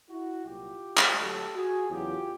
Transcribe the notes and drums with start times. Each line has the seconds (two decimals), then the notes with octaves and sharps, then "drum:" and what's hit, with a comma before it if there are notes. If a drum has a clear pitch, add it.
0.10 E4 F#4
0.45 C2 A#2 F#3 F4 G4
0.97 drum: clap
1.18 D2 D3 F#3 G4 A4
1.55 F#4 G#4
1.91 E2 C#3 F#3 F4 G4